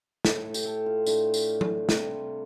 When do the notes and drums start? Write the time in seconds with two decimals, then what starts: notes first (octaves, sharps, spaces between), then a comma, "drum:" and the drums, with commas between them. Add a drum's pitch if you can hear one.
0.25 A2 A3 A4, drum: snare
0.54 G4, drum: tambourine
0.65 A4
0.86 F4
1.06 A2 A3 D4, drum: tambourine
1.34 drum: tambourine
1.61 drum: tom
1.89 C3 G3, drum: snare